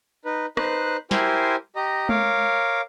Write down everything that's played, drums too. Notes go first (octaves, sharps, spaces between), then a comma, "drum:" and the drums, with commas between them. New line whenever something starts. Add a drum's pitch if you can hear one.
D#4 B4
D#4 B4 C5 F#6, drum: rim click
E4 G4 A#4 C5 G#5 C6, drum: snare
G4 D#5 A#5
A#4 C#5 F5 D6, drum: tom G#3